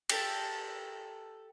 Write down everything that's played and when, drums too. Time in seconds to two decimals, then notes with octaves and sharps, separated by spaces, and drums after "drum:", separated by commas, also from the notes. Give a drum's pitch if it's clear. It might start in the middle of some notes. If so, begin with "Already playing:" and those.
0.10 G4 A4 A5, drum: cymbal